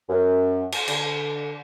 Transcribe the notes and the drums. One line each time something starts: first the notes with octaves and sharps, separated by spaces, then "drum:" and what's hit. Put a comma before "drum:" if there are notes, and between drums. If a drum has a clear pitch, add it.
F#2
drum: cymbal
D3, drum: cymbal